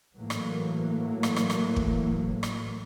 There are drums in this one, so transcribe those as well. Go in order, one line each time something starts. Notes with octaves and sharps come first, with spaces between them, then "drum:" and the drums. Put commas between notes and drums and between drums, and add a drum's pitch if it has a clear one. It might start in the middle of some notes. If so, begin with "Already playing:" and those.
A2 E3 F#3 A#3
drum: rim click
drum: rim click
drum: rim click
drum: rim click
drum: kick
drum: rim click